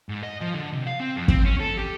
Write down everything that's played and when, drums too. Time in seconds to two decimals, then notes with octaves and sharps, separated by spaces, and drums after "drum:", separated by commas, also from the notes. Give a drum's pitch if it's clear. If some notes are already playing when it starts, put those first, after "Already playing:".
0.09 G#2
0.23 D#5
0.41 F3
0.54 D3
0.73 C3
0.87 F5
1.00 C4
1.16 F2
1.28 C4, drum: kick
1.45 C#4
1.60 A4
1.78 G4